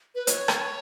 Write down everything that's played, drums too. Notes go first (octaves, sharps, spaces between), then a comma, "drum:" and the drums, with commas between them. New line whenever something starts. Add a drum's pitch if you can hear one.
B4
C#5, drum: hi-hat
drum: rim click